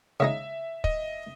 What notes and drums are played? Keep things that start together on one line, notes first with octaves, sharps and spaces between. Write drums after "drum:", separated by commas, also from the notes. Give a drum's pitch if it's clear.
C#3 G#3 D#4 E5
D#5, drum: kick